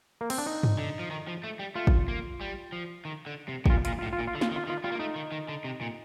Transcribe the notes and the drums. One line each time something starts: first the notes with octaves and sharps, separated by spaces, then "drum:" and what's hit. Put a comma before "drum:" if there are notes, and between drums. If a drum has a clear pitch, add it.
A#3
C4, drum: cymbal
D4
D#4
drum: tom G2
D3
F3
D#3
F3
A3
G3
A3 F4
drum: kick
A#3
G3
F3
D#3
D3
C3
C3, drum: kick
A#2 F4
A#2 F4, drum: hi-hat
F4
A2
F4
A#2
F4
D3
F4, drum: snare
D#3
F4
D#3 F4
G3 F4
A#3
A3 D#4
D#3
D#3
D3
C3
A#2